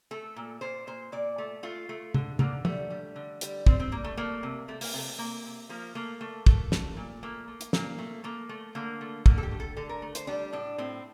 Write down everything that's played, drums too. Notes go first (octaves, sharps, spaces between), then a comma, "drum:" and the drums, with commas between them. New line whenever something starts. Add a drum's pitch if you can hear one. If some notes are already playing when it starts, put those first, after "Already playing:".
A3 A4
A#2
A#2 C5
A#2 C5
A#2 D5
A3
A3 F4
A3
D3, drum: tom
D3 A#3, drum: tom
G3 A3, drum: tom
G3
D3
G3, drum: hi-hat
G3 C4, drum: kick
C4
G3 A#3
A3
A3 A#3
C3
C3 A3
A#3, drum: open hi-hat
C3 A3
A3
C3 A#3
C3
F3 A#3
A3 A#3
A3
A3, drum: kick
A3, drum: snare
A#2
A3 A#3
A3
drum: hi-hat
A#2 A#3, drum: snare
A3
A3 A#3
A3
D3 A#3
A3
D3 A#3, drum: kick
A4
G4
A3
A4
D3 A4
A#4
A3
C5, drum: hi-hat
G3 D4
A2 D4
A2 C4